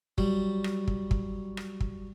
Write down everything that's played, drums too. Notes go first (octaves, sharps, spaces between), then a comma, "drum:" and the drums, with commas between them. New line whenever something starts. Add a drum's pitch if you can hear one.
F#3 G3, drum: kick
drum: rim click
drum: kick
drum: kick
drum: rim click
drum: kick